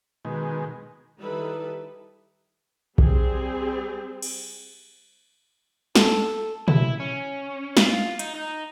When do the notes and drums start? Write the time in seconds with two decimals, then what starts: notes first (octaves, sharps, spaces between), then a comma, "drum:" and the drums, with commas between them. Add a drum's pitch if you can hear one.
0.25 B2 D#3 G#3
1.18 D#3 G3 D#4 E4 A4 B4
2.98 G3 C4 G#4, drum: kick B1
4.22 drum: cymbal
5.95 A4, drum: snare
6.68 E4, drum: tom
7.00 C#4
7.77 F4, drum: snare
8.19 D#4, drum: hi-hat
8.35 D#4